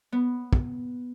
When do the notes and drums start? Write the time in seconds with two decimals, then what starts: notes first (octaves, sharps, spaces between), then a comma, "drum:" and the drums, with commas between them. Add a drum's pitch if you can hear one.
0.12 B3
0.53 drum: kick